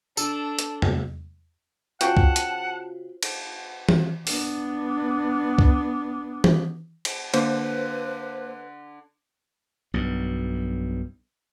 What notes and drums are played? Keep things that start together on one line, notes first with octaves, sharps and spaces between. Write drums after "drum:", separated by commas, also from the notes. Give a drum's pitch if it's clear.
D4 A4, drum: tambourine
drum: hi-hat
drum: tom E2
C#3 F4 F#4 C5 F#5 G5 A5, drum: hi-hat
drum: kick C#2
drum: hi-hat
drum: cymbal
drum: tom E3
B3 D4, drum: open hi-hat
drum: kick C#2
drum: tom E3
drum: cymbal
D3 A#3 B4 C5, drum: cymbal
B1 G2